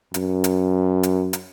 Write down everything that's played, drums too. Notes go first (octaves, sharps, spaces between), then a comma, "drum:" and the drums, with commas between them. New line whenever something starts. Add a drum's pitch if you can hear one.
F#2, drum: hi-hat
drum: hi-hat
drum: hi-hat
drum: hi-hat